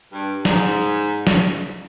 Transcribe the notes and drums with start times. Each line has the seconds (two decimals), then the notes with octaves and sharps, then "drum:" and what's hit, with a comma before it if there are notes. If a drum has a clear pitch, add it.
0.12 G2
0.45 G#2, drum: snare
1.27 drum: snare